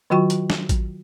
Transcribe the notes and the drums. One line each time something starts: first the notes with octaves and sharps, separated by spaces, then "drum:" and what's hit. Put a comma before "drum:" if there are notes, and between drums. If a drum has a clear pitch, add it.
D#3 F#3 F4 F#4 G5 C#6
drum: hi-hat
drum: snare
drum: kick A1, hi-hat